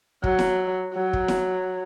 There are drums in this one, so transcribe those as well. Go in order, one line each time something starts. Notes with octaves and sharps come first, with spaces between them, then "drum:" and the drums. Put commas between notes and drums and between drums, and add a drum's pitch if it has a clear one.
F#3, drum: kick
drum: snare E4
F#3
drum: kick
drum: snare E4